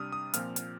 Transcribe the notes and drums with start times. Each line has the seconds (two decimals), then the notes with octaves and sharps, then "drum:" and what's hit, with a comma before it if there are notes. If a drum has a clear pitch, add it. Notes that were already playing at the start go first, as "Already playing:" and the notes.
Already playing: C3 G3 D4 D#6 F6
0.12 D#6
0.34 A#2 F3 C4 F6, drum: hi-hat
0.56 drum: hi-hat